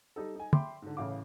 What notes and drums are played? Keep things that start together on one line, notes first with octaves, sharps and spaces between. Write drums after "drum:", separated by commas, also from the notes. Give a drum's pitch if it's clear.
G3 D#4 A4
D#4 G#5
E5 G5 B5 C6 D6, drum: tom
G#2 D3
A1 A2 C#3 F5 D6